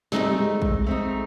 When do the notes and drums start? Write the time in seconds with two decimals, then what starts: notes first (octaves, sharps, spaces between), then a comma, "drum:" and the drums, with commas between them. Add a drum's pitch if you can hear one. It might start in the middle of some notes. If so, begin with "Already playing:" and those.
0.12 G#3 A3 C4 D#4, drum: snare
0.23 G3
0.32 G#3
0.62 drum: kick A1
0.86 A3 C4 D#4